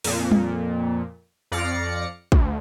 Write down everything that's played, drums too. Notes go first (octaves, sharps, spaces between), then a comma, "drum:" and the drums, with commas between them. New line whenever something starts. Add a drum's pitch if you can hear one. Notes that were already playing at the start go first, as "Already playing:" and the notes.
F2 A#2, drum: open hi-hat
drum: tom G3
F2 D5 F5 A#6 C#7
D2, drum: kick